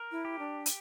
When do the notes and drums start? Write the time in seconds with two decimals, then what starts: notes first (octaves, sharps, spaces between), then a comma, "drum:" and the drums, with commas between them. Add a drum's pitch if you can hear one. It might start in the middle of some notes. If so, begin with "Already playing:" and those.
Already playing: A#4
0.11 E4
0.25 G4
0.39 D4
0.66 drum: hi-hat